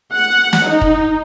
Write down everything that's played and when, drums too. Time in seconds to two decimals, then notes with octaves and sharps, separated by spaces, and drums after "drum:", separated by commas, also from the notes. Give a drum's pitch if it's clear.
0.13 F#5
0.53 drum: snare
0.67 D#4
0.81 drum: kick